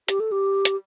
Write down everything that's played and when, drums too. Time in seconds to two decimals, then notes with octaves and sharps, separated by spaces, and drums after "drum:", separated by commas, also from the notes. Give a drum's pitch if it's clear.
0.08 G4, drum: hi-hat
0.20 A4
0.32 G4
0.65 drum: hi-hat